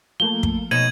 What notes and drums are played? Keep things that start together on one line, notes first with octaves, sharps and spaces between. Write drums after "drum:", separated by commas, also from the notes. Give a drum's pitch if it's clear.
F3 A3 A#3 G7
drum: kick
B2 D#4 C#5 G#6 D#7 E7 F#7